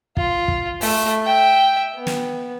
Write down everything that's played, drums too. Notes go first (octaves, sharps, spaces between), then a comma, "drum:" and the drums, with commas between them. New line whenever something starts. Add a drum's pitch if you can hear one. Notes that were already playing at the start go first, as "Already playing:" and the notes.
F4, drum: kick
drum: kick
A3, drum: open hi-hat
E5 G5
B3
drum: snare